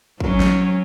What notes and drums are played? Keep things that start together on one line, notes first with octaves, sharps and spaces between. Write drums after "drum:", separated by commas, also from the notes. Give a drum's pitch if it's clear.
F#3 C#4, drum: kick A1
drum: snare